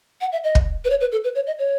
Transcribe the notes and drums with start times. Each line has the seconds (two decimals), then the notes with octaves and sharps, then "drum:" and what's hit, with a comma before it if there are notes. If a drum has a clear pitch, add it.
0.21 F#5
0.32 E5
0.44 D#5
0.55 drum: kick
0.85 B4
0.90 C#5
1.01 B4
1.12 A4
1.24 B4
1.35 C#5
1.47 D#5
1.59 C#5